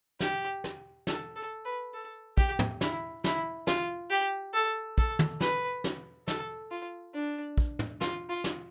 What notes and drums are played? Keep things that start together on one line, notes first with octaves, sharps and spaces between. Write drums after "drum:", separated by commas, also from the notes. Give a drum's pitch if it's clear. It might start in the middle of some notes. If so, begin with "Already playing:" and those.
G4, drum: snare
drum: snare
A4, drum: snare
A4
B4
A4
G4, drum: kick
drum: tom
E4, drum: snare
E4, drum: snare
F4, drum: snare
G4
A4
A4, drum: kick
drum: tom
B4, drum: snare
drum: snare
A4, drum: snare
F4
D4
drum: kick
drum: tom
F4, drum: snare
F4
drum: snare